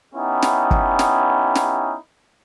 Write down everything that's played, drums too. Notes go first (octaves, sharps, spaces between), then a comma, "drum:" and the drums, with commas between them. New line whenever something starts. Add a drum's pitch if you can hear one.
B3 C#4 D#4 E4 G4
drum: snare
drum: kick
drum: snare
drum: snare